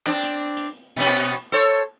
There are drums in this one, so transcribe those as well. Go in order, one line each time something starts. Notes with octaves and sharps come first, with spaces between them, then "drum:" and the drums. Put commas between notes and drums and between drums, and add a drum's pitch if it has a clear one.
C4 D4, drum: clap
drum: hi-hat
drum: hi-hat
B2 B3 C#4
drum: clap
drum: hi-hat
A4 C5 C#5